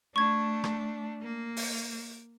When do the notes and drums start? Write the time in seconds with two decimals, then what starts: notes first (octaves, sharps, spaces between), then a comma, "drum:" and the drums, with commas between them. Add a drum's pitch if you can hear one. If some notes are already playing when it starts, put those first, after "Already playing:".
0.16 A3 D4 C#6 G#6
0.64 drum: rim click
1.22 A#3
1.57 drum: open hi-hat